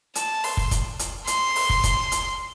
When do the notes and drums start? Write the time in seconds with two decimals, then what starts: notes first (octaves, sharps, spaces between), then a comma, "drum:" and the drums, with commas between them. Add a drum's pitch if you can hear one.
0.15 A5, drum: hi-hat
0.44 C6, drum: open hi-hat
0.57 drum: kick
0.71 drum: kick, hi-hat
0.99 drum: hi-hat
1.27 C6, drum: hi-hat
1.55 drum: open hi-hat
1.70 drum: kick
1.84 drum: kick, hi-hat
2.12 drum: hi-hat